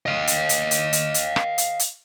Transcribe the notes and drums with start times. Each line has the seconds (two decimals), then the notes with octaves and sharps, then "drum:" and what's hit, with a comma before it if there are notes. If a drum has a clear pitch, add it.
0.06 D#5 F5
0.27 drum: hi-hat
0.49 drum: hi-hat
0.71 drum: hi-hat
0.93 drum: hi-hat
1.14 drum: hi-hat
1.36 drum: rim click
1.58 drum: hi-hat
1.79 drum: hi-hat